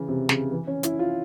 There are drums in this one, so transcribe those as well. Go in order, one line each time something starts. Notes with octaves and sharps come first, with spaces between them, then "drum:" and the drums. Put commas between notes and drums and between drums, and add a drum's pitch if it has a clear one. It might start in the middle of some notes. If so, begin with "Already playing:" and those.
Already playing: C#3 E3
C3
C#3, drum: snare
E3
C#4
E4, drum: hi-hat
F4